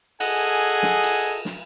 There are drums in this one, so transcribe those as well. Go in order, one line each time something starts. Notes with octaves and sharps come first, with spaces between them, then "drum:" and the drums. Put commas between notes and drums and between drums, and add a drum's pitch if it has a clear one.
G#4 A4 D#5 F#5 G#5, drum: cymbal
drum: snare
drum: cymbal
drum: snare